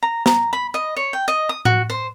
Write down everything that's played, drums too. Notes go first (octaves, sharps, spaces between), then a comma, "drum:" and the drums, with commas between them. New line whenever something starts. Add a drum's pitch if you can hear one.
A#5
A#5, drum: snare
B5
D#5
C#5
G5
D#5
D#6
F#4, drum: tom A2
C5